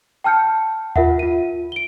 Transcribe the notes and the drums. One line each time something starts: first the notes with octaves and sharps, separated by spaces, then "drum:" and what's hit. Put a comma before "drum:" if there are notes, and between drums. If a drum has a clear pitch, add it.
G5 A5 F6 G6 C#7
F4 A#4 E5 F#5, drum: tom D#2
F4 D#7
D7 G7